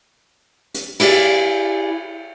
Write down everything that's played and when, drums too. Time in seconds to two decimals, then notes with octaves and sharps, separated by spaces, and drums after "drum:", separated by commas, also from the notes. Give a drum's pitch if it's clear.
0.74 drum: hi-hat
1.00 E4 G4 G#4 D5 F5, drum: cymbal